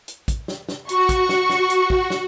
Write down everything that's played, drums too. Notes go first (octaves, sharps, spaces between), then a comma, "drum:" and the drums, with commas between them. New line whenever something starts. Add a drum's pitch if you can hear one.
drum: hi-hat
drum: kick, hi-hat
drum: snare
drum: snare
F#4 C#6, drum: hi-hat
drum: kick, hi-hat
drum: snare
drum: snare
drum: hi-hat
drum: kick
drum: snare